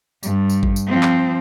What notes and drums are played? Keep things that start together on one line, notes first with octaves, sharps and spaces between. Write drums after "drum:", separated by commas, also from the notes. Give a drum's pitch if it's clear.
G2, drum: tambourine
drum: tambourine
drum: kick G#1
drum: tambourine
F3 C4
drum: clap